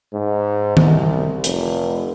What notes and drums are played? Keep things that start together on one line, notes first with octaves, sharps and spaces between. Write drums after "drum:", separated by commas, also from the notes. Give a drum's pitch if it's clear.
G#2
C2, drum: tom
F1, drum: hi-hat